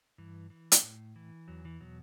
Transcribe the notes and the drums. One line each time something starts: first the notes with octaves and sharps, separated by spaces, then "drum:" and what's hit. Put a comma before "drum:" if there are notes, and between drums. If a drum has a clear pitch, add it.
G2 E3
E3
drum: hi-hat
A2
E3
E2 F#3
E3
B2 F#3